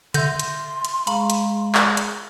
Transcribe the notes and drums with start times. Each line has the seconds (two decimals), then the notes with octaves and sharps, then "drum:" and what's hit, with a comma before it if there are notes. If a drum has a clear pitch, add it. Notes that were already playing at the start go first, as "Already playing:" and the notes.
0.14 D3 E5 C6 G6 A#6, drum: hi-hat
0.39 drum: hi-hat
0.85 drum: hi-hat
1.07 G#3 F5 A#5 B5 C#6, drum: hi-hat
1.30 drum: hi-hat
1.75 drum: clap
1.97 drum: hi-hat